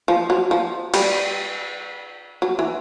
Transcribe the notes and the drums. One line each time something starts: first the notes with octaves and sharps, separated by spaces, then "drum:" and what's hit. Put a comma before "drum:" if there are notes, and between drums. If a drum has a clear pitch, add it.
F3
F#3
F3
G3, drum: cymbal
F#3
E3